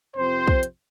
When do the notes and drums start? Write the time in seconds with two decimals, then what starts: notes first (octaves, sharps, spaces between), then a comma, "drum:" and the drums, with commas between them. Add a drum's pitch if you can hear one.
0.16 F2 C3 F3 C4 C5
0.47 drum: kick
0.63 drum: hi-hat